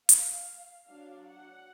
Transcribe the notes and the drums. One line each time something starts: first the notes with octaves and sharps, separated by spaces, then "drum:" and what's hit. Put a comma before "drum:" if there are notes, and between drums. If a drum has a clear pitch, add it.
F5, drum: hi-hat
F#3 D4 F5
F#5